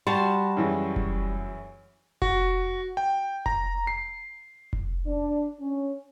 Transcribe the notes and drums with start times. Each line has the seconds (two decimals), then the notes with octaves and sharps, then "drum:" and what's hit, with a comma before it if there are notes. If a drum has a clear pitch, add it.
0.07 G3 F#4 A5 C6
0.57 F#2 E3 G#3
0.96 drum: kick F1
2.22 F#4, drum: kick F1
2.97 G5
3.46 A#5, drum: kick F1
3.87 C7
4.73 drum: kick F1
5.06 D4
5.60 C#4